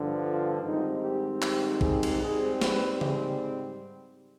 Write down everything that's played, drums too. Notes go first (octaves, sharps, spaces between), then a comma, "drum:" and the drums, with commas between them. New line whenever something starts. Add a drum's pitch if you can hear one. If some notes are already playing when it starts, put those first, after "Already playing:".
Already playing: G2 D3 F3
F4
G#2 D#3 G3 C4 D#4
G4
G4, drum: clap
G#4, drum: kick
drum: cymbal
G#2 G3 C4 G#4
B4, drum: snare
G#4, drum: tom C#3